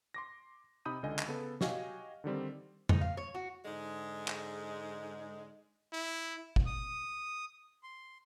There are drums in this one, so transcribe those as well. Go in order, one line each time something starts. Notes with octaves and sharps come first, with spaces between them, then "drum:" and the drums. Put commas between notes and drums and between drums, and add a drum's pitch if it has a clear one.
C6 D6 A#6
C3 D#4 B5 D#6 G6 D#7
C#2 D3 D#5 G#5
drum: clap
C#3 B3 A4
F#4 G4 D#5 F5 G#5, drum: snare
D3 D#3 G3 C4
D#4, drum: tom F2
F5
C#5
F#4
G#2 D3 G#3
drum: clap
E4
drum: kick G1
D#6
C6